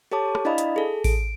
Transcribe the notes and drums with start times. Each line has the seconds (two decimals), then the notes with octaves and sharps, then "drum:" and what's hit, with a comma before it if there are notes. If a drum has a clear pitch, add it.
0.11 G4 A4 C#5 A5 D6
0.35 drum: rim click
0.45 D4 E4 D5 D#5 F5 B5
0.58 drum: hi-hat
0.76 G#4 A4
1.04 D7, drum: kick A1, open hi-hat